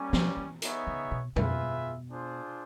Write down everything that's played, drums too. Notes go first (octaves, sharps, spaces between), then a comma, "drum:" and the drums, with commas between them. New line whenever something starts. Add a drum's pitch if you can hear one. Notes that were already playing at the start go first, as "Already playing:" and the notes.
Already playing: G3 A#3 C#4
F3, drum: snare
E3
B3 D#4 G#4 C#5 E5, drum: hi-hat
C#3
B2
B2 F4 G#4 B4 E5, drum: tom F2
D4 F4 G#4 C5